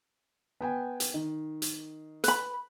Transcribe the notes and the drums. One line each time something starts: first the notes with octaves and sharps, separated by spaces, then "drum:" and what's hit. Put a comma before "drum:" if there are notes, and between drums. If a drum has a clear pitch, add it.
B3 G5 G#5
drum: hi-hat
D#3
drum: hi-hat
B4 B5, drum: hi-hat